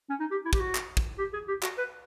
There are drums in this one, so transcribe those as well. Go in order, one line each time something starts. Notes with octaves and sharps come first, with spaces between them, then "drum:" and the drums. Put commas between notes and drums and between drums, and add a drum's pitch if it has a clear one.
C#4
D#4
G4
E4
G4, drum: kick
F#4
drum: clap
drum: kick
G4
G#4
G4
F#4, drum: clap
B4